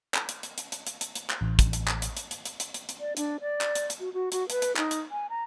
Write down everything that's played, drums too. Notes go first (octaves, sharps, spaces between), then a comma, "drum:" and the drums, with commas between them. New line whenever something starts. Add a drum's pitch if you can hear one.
drum: clap
drum: hi-hat
drum: hi-hat
drum: hi-hat
drum: hi-hat
drum: hi-hat
drum: hi-hat
drum: hi-hat
drum: clap
A1
drum: kick, hi-hat
drum: hi-hat
drum: clap
drum: hi-hat
drum: hi-hat
drum: hi-hat
drum: hi-hat
drum: hi-hat
drum: hi-hat
drum: hi-hat
D5
D4, drum: hi-hat
D5
drum: clap
drum: hi-hat
drum: hi-hat
F#4
F#4
F#4, drum: hi-hat
B4, drum: hi-hat
drum: hi-hat
D#4, drum: clap
drum: hi-hat
G#5
A#5